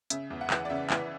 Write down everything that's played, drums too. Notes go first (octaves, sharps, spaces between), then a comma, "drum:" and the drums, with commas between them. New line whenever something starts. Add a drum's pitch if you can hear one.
C#3 E5, drum: hi-hat
E2
F#5
E3, drum: clap
D5
C#3 E5
E3, drum: clap